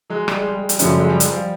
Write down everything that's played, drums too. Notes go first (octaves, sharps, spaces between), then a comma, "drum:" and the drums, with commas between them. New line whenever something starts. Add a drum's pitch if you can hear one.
F#3 G#3
G3, drum: rim click
G#3
G3
G#3
G3, drum: hi-hat
F#2 C#3 F3 G#3 A3 C#4, drum: hi-hat
G3
G#3
G3
G#3, drum: hi-hat
F3 G3